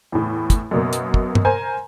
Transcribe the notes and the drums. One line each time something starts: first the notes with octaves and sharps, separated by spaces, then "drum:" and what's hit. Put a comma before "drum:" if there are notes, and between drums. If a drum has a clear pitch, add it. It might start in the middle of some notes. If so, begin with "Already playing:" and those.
E2 A2
drum: kick, hi-hat
F#2 B2 A#3
drum: hi-hat
drum: kick
drum: tom
A#4 C5 G#5 A#5